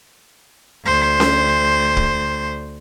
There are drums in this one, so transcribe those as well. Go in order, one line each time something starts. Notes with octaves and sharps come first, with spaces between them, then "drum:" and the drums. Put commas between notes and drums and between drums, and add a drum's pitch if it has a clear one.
D2 C5
drum: snare C#4
drum: kick